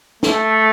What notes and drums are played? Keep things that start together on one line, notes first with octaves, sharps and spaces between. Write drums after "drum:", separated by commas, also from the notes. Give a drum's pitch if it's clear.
A3, drum: snare